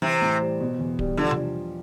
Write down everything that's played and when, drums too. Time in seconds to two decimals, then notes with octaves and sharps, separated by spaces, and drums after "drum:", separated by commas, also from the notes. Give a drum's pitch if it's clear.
0.02 C3 E3
0.22 A2
0.41 G3
0.61 B2
0.79 E2
0.99 G3, drum: kick D1
1.17 D3 F3
1.31 drum: tom C3